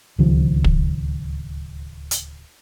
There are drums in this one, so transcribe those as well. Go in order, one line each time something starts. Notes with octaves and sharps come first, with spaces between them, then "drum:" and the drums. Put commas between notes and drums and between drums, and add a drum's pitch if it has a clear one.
D1 C#2 D#3 F3
drum: kick
drum: hi-hat